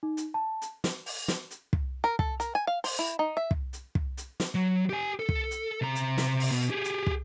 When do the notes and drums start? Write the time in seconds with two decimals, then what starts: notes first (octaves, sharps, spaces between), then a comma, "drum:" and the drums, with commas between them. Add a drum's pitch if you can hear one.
0.03 D#4
0.17 drum: hi-hat
0.34 A5
0.62 drum: hi-hat
0.84 drum: snare
1.06 drum: open hi-hat
1.28 drum: snare
1.51 drum: hi-hat
1.73 drum: kick
2.04 A#4
2.19 A4, drum: kick
2.40 A#4, drum: hi-hat
2.55 G#5
2.67 F5
2.84 C5, drum: open hi-hat
2.99 E4
3.19 D#4
3.37 E5
3.51 drum: kick
3.73 drum: hi-hat
3.95 drum: kick
4.17 drum: hi-hat
4.40 drum: snare
4.55 F#3
4.89 G4 G#5
5.19 A4
5.29 drum: kick
5.51 drum: hi-hat
5.82 C3 A#5
5.95 drum: hi-hat
6.18 drum: snare
6.40 drum: open hi-hat
6.51 B2
6.70 G4 G#4
6.84 drum: hi-hat
7.07 drum: kick